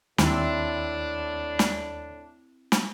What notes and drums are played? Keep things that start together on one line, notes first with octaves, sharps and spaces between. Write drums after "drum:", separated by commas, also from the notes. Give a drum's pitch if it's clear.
D#2 A2 C4 D4 E4, drum: snare
drum: snare
drum: snare